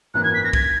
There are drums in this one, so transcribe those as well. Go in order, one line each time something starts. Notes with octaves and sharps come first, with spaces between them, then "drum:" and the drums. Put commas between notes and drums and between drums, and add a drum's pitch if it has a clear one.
G#1 F#2 E3 A#3 F#6
G#6
B6
A#6
G#6, drum: kick